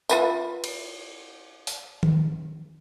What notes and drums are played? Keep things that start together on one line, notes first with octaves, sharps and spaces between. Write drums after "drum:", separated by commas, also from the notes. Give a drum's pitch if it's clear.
F4 B4 E5, drum: tambourine
drum: cymbal
drum: open hi-hat
drum: tom D#3